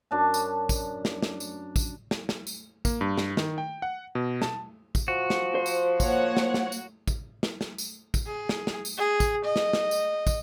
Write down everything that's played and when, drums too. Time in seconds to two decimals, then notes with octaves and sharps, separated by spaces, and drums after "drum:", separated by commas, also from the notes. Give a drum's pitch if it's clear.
0.11 F#2 D4 A5
0.34 drum: tambourine
0.69 drum: kick, tambourine
1.05 drum: snare
1.23 drum: snare
1.40 drum: tambourine
1.76 drum: kick, tambourine
2.11 drum: snare
2.29 drum: snare
2.47 drum: tambourine
2.85 A#3, drum: kick, tambourine
3.01 G2
3.18 drum: snare
3.37 D#3, drum: snare
3.58 G5
3.82 F#5
4.15 B2
4.42 A5, drum: snare
4.95 drum: kick, tambourine
5.08 F3 F#4
5.30 drum: snare
5.55 C5
5.66 drum: tambourine
6.00 A#3 C#5 F#5, drum: kick, tambourine
6.37 drum: snare
6.54 drum: snare
6.72 drum: tambourine
7.08 drum: kick, tambourine
7.43 drum: snare
7.61 drum: snare
7.78 drum: tambourine
8.14 drum: kick, tambourine
8.27 G#4
8.49 drum: snare
8.67 drum: snare
8.85 drum: tambourine
8.98 G#4
9.20 drum: kick, tambourine
9.45 D#5
9.56 drum: snare
9.73 drum: snare
9.91 drum: tambourine
10.27 drum: kick, tambourine